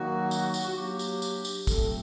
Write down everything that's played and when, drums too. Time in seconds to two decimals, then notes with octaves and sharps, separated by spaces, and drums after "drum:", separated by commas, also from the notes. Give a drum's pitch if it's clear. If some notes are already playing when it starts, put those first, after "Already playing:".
Already playing: D#3 F#3 A#3 D#4 F#4
0.31 drum: tambourine
0.54 drum: tambourine
0.68 F#4
0.77 F#3 A#3 D4 G4
0.99 drum: tambourine
1.22 drum: tambourine
1.45 drum: tambourine
1.67 A#2 F#3 A3 C4 A4, drum: kick, tambourine